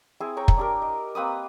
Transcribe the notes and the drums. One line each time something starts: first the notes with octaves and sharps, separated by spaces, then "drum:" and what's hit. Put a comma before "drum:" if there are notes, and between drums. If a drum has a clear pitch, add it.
C4 E4 G#4
C#5 G5 A#5
drum: kick
D4 G4 A#4
D#5
A#3 C4 B4 D#6